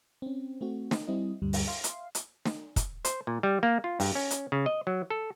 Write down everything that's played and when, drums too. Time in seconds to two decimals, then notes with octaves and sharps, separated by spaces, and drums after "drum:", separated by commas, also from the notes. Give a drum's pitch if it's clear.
0.22 C4 C#4
0.61 A3 C4 F#4
0.91 drum: snare
1.08 G3 C4 E4 D#5
1.42 D2 G2 G3
1.53 drum: open hi-hat
1.67 E5 F5 C6
1.84 drum: hi-hat
2.15 drum: hi-hat
2.45 drum: snare
2.76 drum: kick, hi-hat
3.05 C5, drum: hi-hat
3.27 A#2
3.43 G3
3.63 A#3
3.84 F4
4.00 G2, drum: open hi-hat
4.15 C#4
4.31 drum: hi-hat
4.52 C#3
4.66 D#5
4.87 F#3
5.10 A4